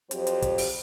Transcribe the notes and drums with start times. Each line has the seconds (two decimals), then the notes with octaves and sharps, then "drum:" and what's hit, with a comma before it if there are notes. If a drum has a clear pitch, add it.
0.11 F2 F#3 C4 G4 C5, drum: hi-hat
0.27 drum: hi-hat
0.42 drum: kick, hi-hat
0.58 drum: open hi-hat